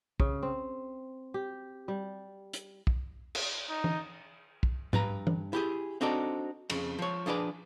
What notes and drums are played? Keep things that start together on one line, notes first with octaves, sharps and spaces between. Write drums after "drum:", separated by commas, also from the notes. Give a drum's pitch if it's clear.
C#3, drum: kick
C4
G4
G3
drum: hi-hat
drum: kick
drum: cymbal
D#4
drum: tom E3
drum: kick
G2 B4 A#5, drum: tom G#2
drum: tom E3
E4 G4 G#4
C4 D4 D#4 F#4 A4 D5
F2 C#3, drum: cymbal
F3 C#5
F3 D4 G#4 B4 D5